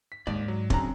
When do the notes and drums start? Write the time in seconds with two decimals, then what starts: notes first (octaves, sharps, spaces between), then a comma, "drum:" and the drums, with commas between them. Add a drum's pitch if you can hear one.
0.12 B6
0.27 D#2 G#2 D5
0.48 F#3
0.70 C#3 F#3 C4 D4 G#5 A#5, drum: kick